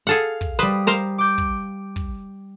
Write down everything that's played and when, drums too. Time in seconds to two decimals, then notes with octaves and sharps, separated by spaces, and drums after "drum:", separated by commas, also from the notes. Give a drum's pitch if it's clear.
0.07 G#4 A4 F5 F#5
0.41 drum: kick
0.59 G3 B4 C5 D#6
0.87 A#4 C5 F5
1.18 D6 G6
1.38 drum: kick
1.96 drum: kick